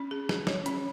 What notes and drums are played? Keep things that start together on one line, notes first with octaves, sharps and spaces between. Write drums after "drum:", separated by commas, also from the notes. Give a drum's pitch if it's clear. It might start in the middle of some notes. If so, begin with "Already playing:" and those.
Already playing: C#4
G#4
G#4, drum: snare
C#5, drum: snare
C#4, drum: hi-hat